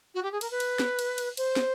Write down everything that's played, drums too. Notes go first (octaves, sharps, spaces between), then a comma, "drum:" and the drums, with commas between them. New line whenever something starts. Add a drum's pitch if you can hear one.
F#4
G4
G#4
A#4, drum: cymbal
B4
drum: cymbal
drum: snare
drum: cymbal
drum: cymbal
C5, drum: cymbal
drum: snare